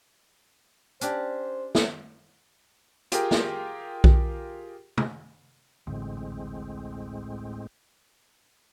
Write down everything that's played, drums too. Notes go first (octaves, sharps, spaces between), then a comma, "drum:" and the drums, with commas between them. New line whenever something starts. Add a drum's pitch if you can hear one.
C#4 D4 G4 C5, drum: hi-hat
drum: snare
F4 G4 G#4 A#4 G5, drum: hi-hat
drum: snare
drum: kick B1
drum: tom
D1 A1 D2 A2 G#3 C4